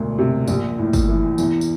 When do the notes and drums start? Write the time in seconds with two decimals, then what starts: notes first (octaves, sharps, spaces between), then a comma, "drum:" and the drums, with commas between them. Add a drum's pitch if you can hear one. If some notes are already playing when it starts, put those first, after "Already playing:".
Already playing: E1 D2
0.18 C3
0.47 A#1, drum: tambourine
0.78 A2
0.93 drum: kick, tambourine
1.09 E3
1.38 E2, drum: tambourine
1.61 drum: tambourine